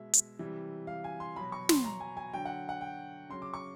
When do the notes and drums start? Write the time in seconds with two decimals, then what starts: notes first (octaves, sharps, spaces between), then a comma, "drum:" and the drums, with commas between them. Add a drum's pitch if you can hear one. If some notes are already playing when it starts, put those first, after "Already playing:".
Already playing: B2 G#3 E5
0.13 drum: hi-hat
0.39 C3 E3 G3
0.87 F5
1.04 G#5
1.20 C6
1.36 B2 F#3 B5
1.52 C#6
1.69 C6, drum: snare
1.85 A#5
2.00 G#5
2.17 G#5
2.33 D3 F#3 G5
2.45 F#5
2.69 F#5
2.81 G5
3.30 C#3 F#3 C6
3.42 D6
3.54 C#6